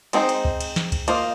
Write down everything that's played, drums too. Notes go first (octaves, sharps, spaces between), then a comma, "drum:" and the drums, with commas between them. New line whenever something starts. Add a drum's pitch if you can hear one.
G#3 C4 D#4 F#4 C5, drum: cymbal
drum: cymbal
drum: kick C#2
drum: cymbal
drum: snare
drum: kick C#2, cymbal
A#3 F4 C5 D#5, drum: cymbal